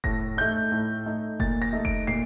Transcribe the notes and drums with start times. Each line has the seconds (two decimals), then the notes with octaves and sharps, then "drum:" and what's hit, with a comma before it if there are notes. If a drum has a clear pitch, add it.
0.04 A2 A#6, drum: kick F1
0.37 A3 D#4 G6
0.72 A2
1.06 A3 D#4
1.40 A#2 A6, drum: kick F1
1.62 A#6
1.73 A3 D#4
1.85 D7, drum: kick F1
2.07 A#2 C7